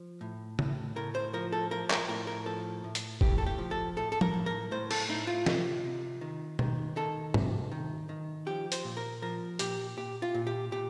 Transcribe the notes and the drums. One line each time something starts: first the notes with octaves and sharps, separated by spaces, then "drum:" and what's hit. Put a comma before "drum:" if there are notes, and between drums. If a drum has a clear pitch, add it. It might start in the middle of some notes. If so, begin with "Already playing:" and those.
Already playing: F3
A2
A2, drum: tom C#3
A2 A#4
C5
F3 A#4
A4
F3 A#4
A#4, drum: clap
A2 A#4
A#4
F3 A4
A2
drum: hi-hat
A2 G4, drum: kick
A4
G4
F3
A4
A2 A4
A4
A#4, drum: tom
A2
A#4
A2 C5
A4, drum: cymbal
A2 D#4
F4
C3, drum: snare
C3
D#3
D#3, drum: tom B2
D#3 A4
C3, drum: tom
D#3
D#3
F3 G4
C5, drum: hi-hat
A#2
A#4
F3 A#4
A#2 G4, drum: hi-hat
A#2 G4
F4
A#2
G4
A#2 G4